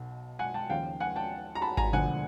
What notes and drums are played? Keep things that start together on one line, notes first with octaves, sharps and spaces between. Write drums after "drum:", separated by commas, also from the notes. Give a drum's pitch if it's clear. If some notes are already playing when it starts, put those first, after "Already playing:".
Already playing: B1 B2
F#5 G#5
G5 A5
D#2 C#3 F3 F5 G5
F#5 G#5
G5 A5
A#5
A5 B5
G#5 A#5, drum: kick G#1
E1 D2 D3 F3 F#5 G#5